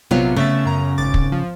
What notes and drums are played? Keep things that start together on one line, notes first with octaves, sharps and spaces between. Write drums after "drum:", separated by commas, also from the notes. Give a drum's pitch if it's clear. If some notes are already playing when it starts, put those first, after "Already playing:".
A#1 C3 F#3 B3 F4
C#3 A3 E5 A6
F#2 A#5
G#1 D6 A6
drum: kick
F3